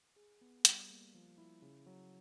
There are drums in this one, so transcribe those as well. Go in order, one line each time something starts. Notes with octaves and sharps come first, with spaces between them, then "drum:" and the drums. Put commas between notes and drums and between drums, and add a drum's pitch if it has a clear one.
G#4
B3
G3, drum: hi-hat
A#3
F3
E4
C#3
F#3